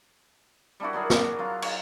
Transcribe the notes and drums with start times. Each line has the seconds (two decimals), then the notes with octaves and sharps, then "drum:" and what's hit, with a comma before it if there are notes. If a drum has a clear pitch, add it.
0.80 G3 D4 E4 F#4
0.93 F#3 D4 G#4 A#4
1.10 F#3, drum: snare
1.39 F#3 F4
1.62 C#5, drum: cymbal